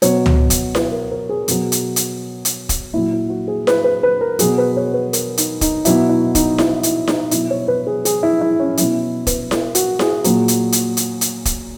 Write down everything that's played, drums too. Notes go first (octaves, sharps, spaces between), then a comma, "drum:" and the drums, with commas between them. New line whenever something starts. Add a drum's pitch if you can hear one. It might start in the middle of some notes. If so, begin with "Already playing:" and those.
B2 F#3 C#5, drum: hi-hat
drum: tom C#2
drum: kick, hi-hat
B4, drum: snare E4
A#4
A#4
G#4
B2 F#3, drum: hi-hat
drum: hi-hat
drum: hi-hat
drum: hi-hat
drum: kick, hi-hat
A#2 F#3 E4
E4
F#4
G#4
B4, drum: snare E4
B4
B4
A#4
B2 F#3 G#4, drum: hi-hat
B4
C#5
B4
A#4, drum: hi-hat
D#4, drum: hi-hat
D#4, drum: kick, hi-hat
B2 F#3 E4, drum: hi-hat
E4
D#4, drum: kick, hi-hat
E4, drum: snare E4
E4, drum: hi-hat
D#4, drum: snare E4
B2 F#3 E4, drum: hi-hat
C#5
B4
G#4
G#4, drum: hi-hat
E4
E4
C#4
B2 F#3 E4, drum: hi-hat
B4, drum: kick, hi-hat
A#4, drum: snare E4
F#4, drum: hi-hat
G#4, drum: snare E4
A#2 F#3, drum: hi-hat
drum: hi-hat
drum: hi-hat
drum: hi-hat
drum: hi-hat
drum: kick, hi-hat